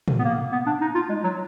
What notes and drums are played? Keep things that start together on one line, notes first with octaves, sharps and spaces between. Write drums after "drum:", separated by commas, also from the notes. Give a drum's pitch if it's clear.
drum: tom
B3
A#3
B3
D4
D#4
F4
G#3
F#3